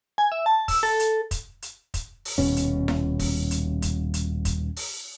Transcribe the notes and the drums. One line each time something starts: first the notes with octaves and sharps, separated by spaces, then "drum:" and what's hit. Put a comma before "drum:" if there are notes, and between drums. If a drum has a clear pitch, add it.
G#5
E5
A5
E6, drum: kick, open hi-hat
A4
drum: hi-hat
drum: kick, hi-hat
drum: hi-hat
drum: kick, hi-hat
drum: open hi-hat
D#1 B2 C#4
drum: hi-hat
drum: snare E4
drum: kick, open hi-hat
drum: hi-hat
drum: kick, hi-hat
drum: hi-hat
drum: kick, hi-hat
drum: open hi-hat